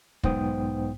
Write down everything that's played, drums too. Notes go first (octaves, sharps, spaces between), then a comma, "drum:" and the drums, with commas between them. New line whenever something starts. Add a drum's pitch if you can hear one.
B1 G#2 B3 C5 G5 D#6, drum: kick